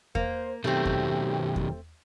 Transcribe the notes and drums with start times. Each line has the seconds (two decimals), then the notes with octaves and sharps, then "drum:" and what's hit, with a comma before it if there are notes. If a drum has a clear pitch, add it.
0.15 A#3 C5, drum: kick E2
0.64 B2 D#3 F#3 A3 C4 G4
0.85 drum: kick E2
1.56 drum: kick E2